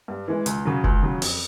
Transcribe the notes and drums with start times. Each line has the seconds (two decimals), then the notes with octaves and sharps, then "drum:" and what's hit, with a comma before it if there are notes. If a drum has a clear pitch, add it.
0.08 G2
0.28 E3 G#3
0.46 C#2, drum: hi-hat
0.65 C#3 F#3
0.84 C#2, drum: kick F1
1.02 C#3 F#3
1.22 F2, drum: open hi-hat